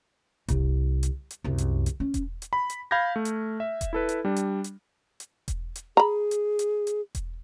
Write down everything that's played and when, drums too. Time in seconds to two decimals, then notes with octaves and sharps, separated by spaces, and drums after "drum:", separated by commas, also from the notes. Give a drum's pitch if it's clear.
0.48 C2, drum: kick E1, hi-hat
1.03 drum: hi-hat
1.31 drum: hi-hat
1.44 C2 F#2
1.58 drum: hi-hat
1.86 drum: hi-hat
2.00 C#4
2.14 drum: kick E1, hi-hat
2.42 drum: hi-hat
2.53 B5
2.70 drum: hi-hat
2.91 F5 B5 F6 G6 G#6 A#6
3.16 A3
3.25 drum: hi-hat
3.60 E5
3.81 drum: kick E1, hi-hat
3.93 E4 A4 B4
4.09 drum: hi-hat
4.25 G3 D4
4.36 drum: hi-hat
4.64 drum: hi-hat
5.20 drum: hi-hat
5.48 drum: kick E1, hi-hat
5.76 drum: hi-hat
5.97 G#4 A#5 B5
6.31 drum: hi-hat
6.59 drum: hi-hat
6.87 drum: hi-hat
7.15 drum: kick E1, hi-hat